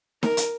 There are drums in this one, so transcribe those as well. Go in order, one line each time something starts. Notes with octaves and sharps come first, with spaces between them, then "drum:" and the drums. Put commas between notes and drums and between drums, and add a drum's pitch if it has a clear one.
A#4, drum: snare D#4
drum: hi-hat